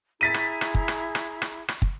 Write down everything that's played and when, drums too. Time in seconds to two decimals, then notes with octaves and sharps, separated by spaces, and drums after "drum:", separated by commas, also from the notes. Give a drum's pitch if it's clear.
0.21 E4 G#4 A#5 A6 B6 D#7
0.34 drum: rim click
0.61 drum: rim click
0.75 drum: kick
0.88 drum: rim click
1.15 drum: rim click
1.42 drum: rim click
1.68 drum: rim click
1.82 drum: kick